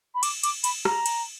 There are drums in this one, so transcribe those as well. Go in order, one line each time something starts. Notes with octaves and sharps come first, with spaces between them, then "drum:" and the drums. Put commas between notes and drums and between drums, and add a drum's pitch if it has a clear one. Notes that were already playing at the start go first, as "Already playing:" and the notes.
B5
D6, drum: cymbal
D6, drum: cymbal
B5, drum: cymbal
A#5, drum: rim click
drum: cymbal